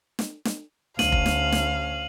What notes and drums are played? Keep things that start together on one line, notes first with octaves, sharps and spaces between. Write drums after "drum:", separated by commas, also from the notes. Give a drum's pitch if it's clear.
drum: snare
drum: snare
D2 C#4 F5 D#7 F#7, drum: snare
drum: kick F1
drum: snare
drum: snare